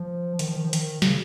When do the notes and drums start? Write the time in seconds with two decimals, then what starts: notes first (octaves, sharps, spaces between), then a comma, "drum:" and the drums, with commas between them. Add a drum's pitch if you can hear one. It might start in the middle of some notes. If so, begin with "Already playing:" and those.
Already playing: F3
0.39 D#3, drum: hi-hat
0.48 F3
0.56 D#3
0.65 F3
0.73 D#3, drum: hi-hat
1.02 C#3, drum: snare